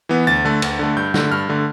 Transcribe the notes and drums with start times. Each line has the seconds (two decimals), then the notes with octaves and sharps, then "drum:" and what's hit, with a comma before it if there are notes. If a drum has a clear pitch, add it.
0.09 E3 B3
0.27 D2 A6
0.45 D3 A3
0.62 D2, drum: cymbal
0.79 D3 A3
0.96 G2 G6
1.14 D3 A3, drum: snare
1.31 G2 F6
1.49 D3 A3